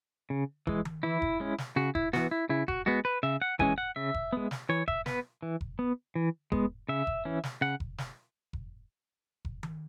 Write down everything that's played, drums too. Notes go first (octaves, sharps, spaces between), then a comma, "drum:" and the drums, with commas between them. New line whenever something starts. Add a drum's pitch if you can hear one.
C#3
E3 G#3, drum: kick F1
drum: tom D#3
E3 E4
drum: kick F1
G#3 C#4
drum: snare
C#3 F#4
E4, drum: kick F1
E3 B3 F#4, drum: snare
E4
C#3 E4
F#4, drum: kick F1
G#3 B3 F#4
B4
C#3 E5
F#5
E3 G#3 C#4 G#5, drum: kick F1
F#5
C#3 E5
drum: kick F1
G#3 B3
drum: snare
E3 C#5
E5, drum: kick F1
B3 B4, drum: snare
E3
drum: kick F1
B3
E3
G#3 B3, drum: kick F1
C#3 E5
drum: kick F1
E3 C#4
drum: snare
C#3 F#5
drum: kick F1
drum: snare
drum: kick F1
drum: kick F1
drum: tom D#3